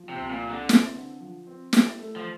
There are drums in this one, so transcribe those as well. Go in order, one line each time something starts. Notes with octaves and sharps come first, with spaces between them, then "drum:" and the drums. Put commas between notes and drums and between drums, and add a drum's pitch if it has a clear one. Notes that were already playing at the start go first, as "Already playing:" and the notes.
Already playing: F3
C3
C2
A#2
C3
D3
C4, drum: snare
D3
F3
C4
G4, drum: snare
A3
F3